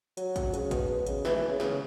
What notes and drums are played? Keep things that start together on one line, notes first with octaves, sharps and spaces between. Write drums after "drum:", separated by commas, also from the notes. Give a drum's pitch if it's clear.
F#3, drum: hi-hat
drum: kick A1, hi-hat
C#3, drum: hi-hat
B2, drum: kick A1, hi-hat
B2
C#3, drum: hi-hat
E3, drum: snare
E3
C#3
C#3, drum: snare